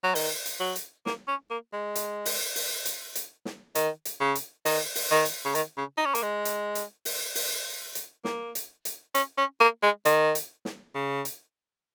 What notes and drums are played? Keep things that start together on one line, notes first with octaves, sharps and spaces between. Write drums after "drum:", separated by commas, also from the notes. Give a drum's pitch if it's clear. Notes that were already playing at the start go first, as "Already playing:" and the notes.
F#3
D#3, drum: open hi-hat
drum: hi-hat
F#3
drum: hi-hat
A#3, drum: snare
C#4
A#3
G#3
drum: hi-hat
drum: open hi-hat
drum: open hi-hat
drum: hi-hat
drum: hi-hat
drum: snare
D#3, drum: hi-hat
drum: hi-hat
C#3
drum: hi-hat
D#3, drum: open hi-hat
drum: open hi-hat
D#3
drum: hi-hat
C#3
D#3, drum: hi-hat
C#3
D#4
C#4
A#3, drum: hi-hat
G#3
drum: hi-hat
drum: hi-hat
drum: open hi-hat
drum: open hi-hat
drum: hi-hat
A#3, drum: snare
drum: hi-hat
drum: hi-hat
C#4, drum: hi-hat
C#4
A#3
G#3
D#3, drum: hi-hat
drum: hi-hat
drum: snare
C#3
drum: hi-hat